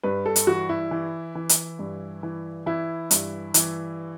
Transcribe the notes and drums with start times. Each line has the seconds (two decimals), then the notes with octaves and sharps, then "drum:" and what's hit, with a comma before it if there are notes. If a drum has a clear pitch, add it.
0.03 G2 B4
0.26 A4
0.36 drum: hi-hat
0.47 E3 F#4
0.69 E4
0.91 E3
1.35 E3
1.49 drum: hi-hat
1.79 G2
2.23 E3
2.66 E3 E4
3.11 G2, drum: hi-hat
3.54 E3, drum: hi-hat